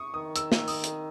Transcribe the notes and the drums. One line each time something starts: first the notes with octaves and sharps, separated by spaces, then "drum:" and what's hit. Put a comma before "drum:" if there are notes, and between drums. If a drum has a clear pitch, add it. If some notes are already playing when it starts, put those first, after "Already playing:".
Already playing: C#6 D#6
D#3 D#6
E6, drum: hi-hat
drum: snare
D#6, drum: open hi-hat
drum: hi-hat